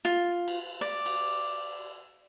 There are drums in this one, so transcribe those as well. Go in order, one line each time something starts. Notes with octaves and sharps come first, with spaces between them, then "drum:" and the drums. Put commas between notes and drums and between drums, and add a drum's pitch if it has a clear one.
F4
drum: cymbal
D5
drum: cymbal